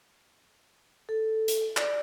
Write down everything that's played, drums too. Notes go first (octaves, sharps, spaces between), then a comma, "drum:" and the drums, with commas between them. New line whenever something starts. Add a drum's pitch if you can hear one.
A4
drum: hi-hat
D5, drum: clap